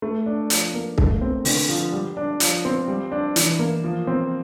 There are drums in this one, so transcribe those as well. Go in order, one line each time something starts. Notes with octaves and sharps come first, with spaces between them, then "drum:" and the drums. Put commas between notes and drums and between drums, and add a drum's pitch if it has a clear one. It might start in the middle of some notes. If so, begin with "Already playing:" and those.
A3
D4
F3, drum: hi-hat
A#3
A3, drum: kick C2
C4
D3, drum: open hi-hat
F3
G3
D4
F3, drum: hi-hat
C4
G3
D4
E3, drum: hi-hat
A#3
F3
C4